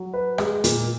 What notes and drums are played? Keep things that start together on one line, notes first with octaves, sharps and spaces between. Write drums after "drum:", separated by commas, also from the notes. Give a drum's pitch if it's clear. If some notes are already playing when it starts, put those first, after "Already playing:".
Already playing: F#3
B4
G#3, drum: rim click
A#2, drum: hi-hat